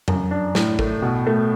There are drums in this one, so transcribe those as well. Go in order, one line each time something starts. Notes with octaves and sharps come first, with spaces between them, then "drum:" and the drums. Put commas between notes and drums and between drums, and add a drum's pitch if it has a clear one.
F#2, drum: tom F2
D4
A2, drum: snare
A3, drum: kick
B2
A3